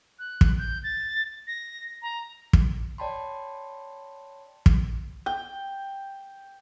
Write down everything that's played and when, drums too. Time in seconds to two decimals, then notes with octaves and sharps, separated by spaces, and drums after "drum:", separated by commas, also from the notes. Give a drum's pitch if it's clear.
0.19 F#6
0.41 drum: kick
0.59 G6
0.83 A6
1.47 A#6
2.02 A#5
2.53 drum: kick
2.98 C#5 D5 G5 A5 B5 C6
4.66 drum: kick
5.26 G5